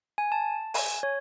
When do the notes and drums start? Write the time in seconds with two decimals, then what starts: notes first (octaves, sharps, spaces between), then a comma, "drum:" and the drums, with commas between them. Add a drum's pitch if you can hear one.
0.18 G#5
0.32 A5
0.74 G#5, drum: open hi-hat
1.03 C#5